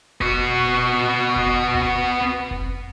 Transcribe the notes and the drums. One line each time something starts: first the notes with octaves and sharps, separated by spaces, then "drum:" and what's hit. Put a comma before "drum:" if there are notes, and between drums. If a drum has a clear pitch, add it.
B3 F#4, drum: kick F1
drum: kick F1
drum: tom C#2
drum: kick F1